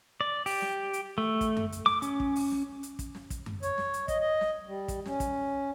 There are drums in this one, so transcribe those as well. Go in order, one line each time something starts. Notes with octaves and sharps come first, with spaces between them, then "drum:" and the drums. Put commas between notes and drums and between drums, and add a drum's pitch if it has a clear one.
D5
G4, drum: open hi-hat
drum: snare
drum: hi-hat
A3
drum: kick, hi-hat
drum: tom F#2
drum: hi-hat
D6, drum: snare
C#4, drum: hi-hat
drum: kick
drum: open hi-hat
drum: snare
drum: hi-hat
drum: kick, hi-hat
drum: snare
drum: kick, hi-hat
drum: tom F#2
C#5, drum: hi-hat
drum: snare
drum: hi-hat
D#5, drum: kick, hi-hat
D#5
drum: snare
G3
drum: kick, hi-hat
C#4, drum: snare
drum: kick, hi-hat